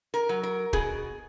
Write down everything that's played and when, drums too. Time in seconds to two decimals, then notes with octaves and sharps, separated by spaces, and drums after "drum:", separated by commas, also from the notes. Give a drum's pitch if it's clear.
0.14 A#4
0.29 F#3
0.43 A#4
0.73 B2 G#4, drum: kick